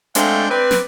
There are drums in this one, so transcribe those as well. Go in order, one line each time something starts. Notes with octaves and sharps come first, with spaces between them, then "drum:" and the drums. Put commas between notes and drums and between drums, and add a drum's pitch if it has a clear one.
G#3 A3 C4 D4 F5 G5, drum: hi-hat
C4 B4 D5
drum: snare